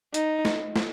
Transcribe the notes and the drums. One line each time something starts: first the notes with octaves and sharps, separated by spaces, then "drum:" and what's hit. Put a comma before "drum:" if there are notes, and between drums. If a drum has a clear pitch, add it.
D#4, drum: hi-hat
drum: snare
drum: snare